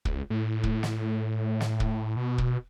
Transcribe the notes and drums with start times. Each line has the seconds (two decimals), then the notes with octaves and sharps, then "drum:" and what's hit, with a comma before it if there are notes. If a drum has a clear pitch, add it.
0.05 C#2, drum: kick
0.30 A2
0.63 drum: kick
0.83 drum: snare
1.61 drum: snare
1.80 drum: kick
2.17 B2
2.38 drum: kick